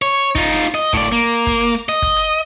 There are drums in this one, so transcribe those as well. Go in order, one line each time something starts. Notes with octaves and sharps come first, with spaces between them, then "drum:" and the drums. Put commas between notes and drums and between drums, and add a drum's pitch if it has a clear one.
C#5
D#4 F4, drum: kick, hi-hat
drum: hi-hat
drum: hi-hat
D#5, drum: hi-hat
A2 D5, drum: kick, hi-hat
A#3
drum: hi-hat
drum: kick, hi-hat
drum: hi-hat
drum: hi-hat
D#5, drum: hi-hat
drum: kick, hi-hat
drum: hi-hat